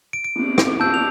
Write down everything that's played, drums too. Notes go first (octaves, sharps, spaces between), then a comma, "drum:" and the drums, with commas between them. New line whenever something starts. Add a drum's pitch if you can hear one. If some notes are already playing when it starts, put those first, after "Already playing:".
D7
D7
drum: cymbal
drum: rim click
A5 E6 G6 D7, drum: cymbal
F7